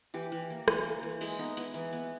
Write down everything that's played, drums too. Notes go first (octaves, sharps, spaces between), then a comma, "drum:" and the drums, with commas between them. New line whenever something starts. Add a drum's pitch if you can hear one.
E3 G4
E3
A#3
E3, drum: rim click
A#3
E3
G#3 E4, drum: open hi-hat
B3 D#4
B3 E4, drum: hi-hat
E3 E4
B3